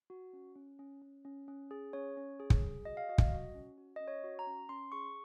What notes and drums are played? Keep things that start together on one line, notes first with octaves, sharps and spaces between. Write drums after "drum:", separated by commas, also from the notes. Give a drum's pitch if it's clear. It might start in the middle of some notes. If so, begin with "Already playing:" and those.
F#4
C#4
C#4
C#4
C#4
C#4
C#4
G#4
C#4 C#5
C#4
G#4
drum: kick
G#4
F#4 D#5
F5
F#4 D#5
drum: kick
F#4
C#4
F#4
C#4 D#5
C#5
F#4
A#5
C#4
C#4 C6
G#4 C#6